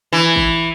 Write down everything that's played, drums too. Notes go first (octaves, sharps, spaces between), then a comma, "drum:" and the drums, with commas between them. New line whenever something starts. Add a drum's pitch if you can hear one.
E3
drum: kick